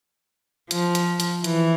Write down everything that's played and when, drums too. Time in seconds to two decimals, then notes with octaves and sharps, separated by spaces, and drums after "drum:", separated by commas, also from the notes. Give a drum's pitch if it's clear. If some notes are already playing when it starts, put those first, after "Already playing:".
0.71 F3, drum: hi-hat
0.95 drum: hi-hat
1.20 drum: hi-hat
1.44 E3, drum: hi-hat